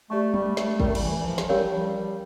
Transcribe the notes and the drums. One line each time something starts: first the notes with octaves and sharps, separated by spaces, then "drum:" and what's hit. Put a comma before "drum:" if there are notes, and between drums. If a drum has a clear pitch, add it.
A3 G4 D5 A5 C#6
G3, drum: tom
A3, drum: snare
G3 C#4 E4 A#4, drum: kick
A3
G3, drum: cymbal
E3
F3
drum: snare
G3 C#4 G4 A#4 C#5 F5
F3
G3